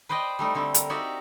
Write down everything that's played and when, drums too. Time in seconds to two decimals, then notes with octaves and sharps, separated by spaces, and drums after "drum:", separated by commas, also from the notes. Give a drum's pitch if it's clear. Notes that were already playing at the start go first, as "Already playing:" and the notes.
0.09 B4 C5 D5 D#5 G5
0.39 G3 A3 D#4
0.55 D3 G3 C4
0.74 A#4, drum: hi-hat
0.89 D#4 F#4 G4 D5 E5